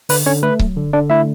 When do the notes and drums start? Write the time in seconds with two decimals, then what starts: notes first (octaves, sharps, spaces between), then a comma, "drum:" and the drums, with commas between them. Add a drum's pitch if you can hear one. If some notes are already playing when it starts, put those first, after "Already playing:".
0.09 D3 B4, drum: open hi-hat
0.26 D3 C#4 C#5
0.43 A3 B4
0.59 F#3, drum: kick C#1
0.76 D3
0.93 D3 D4 D5
1.10 A3 E4 E5